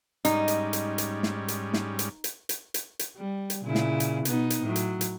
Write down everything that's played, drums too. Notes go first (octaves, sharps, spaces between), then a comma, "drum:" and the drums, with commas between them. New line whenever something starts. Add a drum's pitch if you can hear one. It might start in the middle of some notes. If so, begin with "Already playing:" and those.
G#2 G3 C#4 D#4, drum: hi-hat
drum: hi-hat
drum: hi-hat
drum: hi-hat
drum: snare
drum: hi-hat
drum: snare
drum: hi-hat
drum: hi-hat
drum: hi-hat
drum: hi-hat
drum: hi-hat
G3
drum: hi-hat
A#2 C#3 E4
drum: snare
drum: hi-hat
B2 B3 D#4, drum: hi-hat
drum: hi-hat
A2 F#3
drum: hi-hat
drum: hi-hat